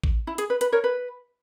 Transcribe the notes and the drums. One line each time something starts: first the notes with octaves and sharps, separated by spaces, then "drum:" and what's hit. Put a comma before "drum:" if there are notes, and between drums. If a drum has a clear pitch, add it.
drum: kick A1
E4
G#4, drum: hi-hat
B4
B4, drum: hi-hat
A#4 C#5
B4